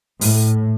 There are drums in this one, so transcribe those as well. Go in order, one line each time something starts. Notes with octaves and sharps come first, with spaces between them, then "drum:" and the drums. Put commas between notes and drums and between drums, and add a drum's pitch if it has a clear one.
A2, drum: open hi-hat